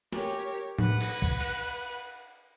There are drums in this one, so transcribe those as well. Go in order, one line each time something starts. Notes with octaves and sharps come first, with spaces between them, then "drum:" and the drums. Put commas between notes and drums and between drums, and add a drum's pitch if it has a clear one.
G4 A#4 C#5, drum: snare
B4 F#5 F#6, drum: tom A2
drum: cymbal
drum: kick B1
drum: cymbal